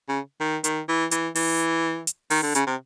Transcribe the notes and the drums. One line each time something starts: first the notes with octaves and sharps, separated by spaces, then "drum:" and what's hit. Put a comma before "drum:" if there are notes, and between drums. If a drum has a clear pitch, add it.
C#3
D#3
D#3, drum: hi-hat
E3
E3, drum: hi-hat
E3, drum: open hi-hat
drum: hi-hat
D#3, drum: open hi-hat
D3
C#3, drum: hi-hat
C3